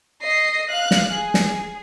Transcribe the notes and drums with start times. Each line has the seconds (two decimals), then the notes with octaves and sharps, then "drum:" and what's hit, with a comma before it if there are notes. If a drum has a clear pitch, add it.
0.22 D#5 C7
0.69 F5 F#6
0.91 drum: snare
1.13 G#4
1.34 drum: snare